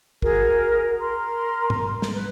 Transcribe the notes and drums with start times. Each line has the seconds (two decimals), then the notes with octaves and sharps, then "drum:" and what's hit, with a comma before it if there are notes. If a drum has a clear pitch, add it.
0.22 F#4 G#4 A#4, drum: kick
1.00 A#4 A#5 C6
1.70 drum: tom
2.02 drum: snare
2.13 B4